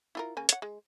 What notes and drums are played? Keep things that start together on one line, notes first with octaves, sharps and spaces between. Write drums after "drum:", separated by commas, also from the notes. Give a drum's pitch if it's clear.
E4 F4 A#4
C#3 A#3 G#5
C#5 F#5, drum: hi-hat
G#3